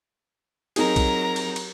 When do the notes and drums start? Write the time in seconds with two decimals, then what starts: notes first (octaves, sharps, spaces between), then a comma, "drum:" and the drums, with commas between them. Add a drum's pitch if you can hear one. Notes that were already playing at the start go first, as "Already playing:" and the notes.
0.76 F#3 C4 D#4 G#4 A#4 A#5, drum: cymbal
0.96 drum: kick B1, cymbal
1.36 drum: cymbal
1.56 drum: cymbal